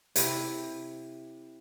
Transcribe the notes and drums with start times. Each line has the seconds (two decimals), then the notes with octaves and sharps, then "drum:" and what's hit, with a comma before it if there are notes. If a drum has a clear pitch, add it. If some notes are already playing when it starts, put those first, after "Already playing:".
0.16 C3 E4, drum: hi-hat